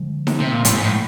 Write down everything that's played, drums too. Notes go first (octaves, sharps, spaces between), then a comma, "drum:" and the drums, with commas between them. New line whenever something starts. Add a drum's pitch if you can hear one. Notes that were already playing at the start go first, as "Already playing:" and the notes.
Already playing: D3 F3 G#3
drum: snare D#4
C3
A#2
A2 C3 F3 G#3, drum: hi-hat
G#2
A2